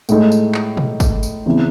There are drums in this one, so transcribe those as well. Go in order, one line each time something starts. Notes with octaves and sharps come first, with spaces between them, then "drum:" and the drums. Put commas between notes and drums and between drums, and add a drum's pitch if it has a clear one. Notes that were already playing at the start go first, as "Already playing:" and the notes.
A2 G#3 D#4 A4, drum: tambourine
drum: tambourine
drum: clap
drum: tom B2
drum: kick, tambourine
drum: tambourine
E2 C#3 E3 C4